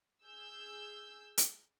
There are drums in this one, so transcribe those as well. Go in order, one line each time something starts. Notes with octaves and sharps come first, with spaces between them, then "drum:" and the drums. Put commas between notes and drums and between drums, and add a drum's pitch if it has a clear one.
G#4 E6 G6
drum: hi-hat